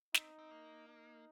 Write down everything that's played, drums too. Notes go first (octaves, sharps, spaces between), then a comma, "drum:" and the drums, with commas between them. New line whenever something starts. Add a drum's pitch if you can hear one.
C4 D#4, drum: snare
C4
A#3
D#4